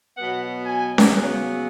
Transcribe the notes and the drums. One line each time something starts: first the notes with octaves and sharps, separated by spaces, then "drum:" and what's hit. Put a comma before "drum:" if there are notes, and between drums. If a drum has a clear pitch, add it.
B2 F#3 B3 F#5
G#5
drum: snare C#4
C#3 F#3 B3